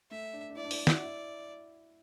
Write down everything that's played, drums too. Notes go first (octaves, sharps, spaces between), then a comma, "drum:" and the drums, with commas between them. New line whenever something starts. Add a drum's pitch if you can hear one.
A3 E5
D4
D4
E4 D5
D4
E4, drum: open hi-hat
F#4, drum: snare
E4